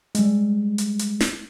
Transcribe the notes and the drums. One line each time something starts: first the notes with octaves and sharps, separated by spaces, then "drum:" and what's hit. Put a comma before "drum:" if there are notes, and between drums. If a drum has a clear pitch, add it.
G3 G#3, drum: hi-hat
drum: hi-hat
drum: hi-hat
drum: snare